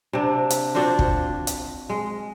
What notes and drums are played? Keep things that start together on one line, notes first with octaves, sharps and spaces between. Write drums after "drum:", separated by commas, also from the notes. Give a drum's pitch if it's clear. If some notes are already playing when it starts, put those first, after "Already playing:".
C3 D4
drum: hi-hat
C4 D4 F4 F#4
drum: kick
drum: hi-hat
G#3